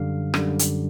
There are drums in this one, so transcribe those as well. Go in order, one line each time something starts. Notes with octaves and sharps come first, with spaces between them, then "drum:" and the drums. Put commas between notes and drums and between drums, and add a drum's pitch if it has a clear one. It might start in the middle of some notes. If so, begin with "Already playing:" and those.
Already playing: F#2 D3 G3 F5
F#2 D3 G3, drum: rim click
drum: hi-hat